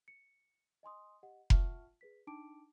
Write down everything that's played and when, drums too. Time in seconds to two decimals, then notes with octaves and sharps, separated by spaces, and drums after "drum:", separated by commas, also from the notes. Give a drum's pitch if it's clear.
0.08 C#7
0.83 D#5 G#5 C6 D#6
1.23 G4 D#5 F#5
1.50 F4 E5 F#5 A5 C#6 F6, drum: kick F1
2.01 G#4 B4 B6
2.27 D4 D#4 G5 A5 D6 D7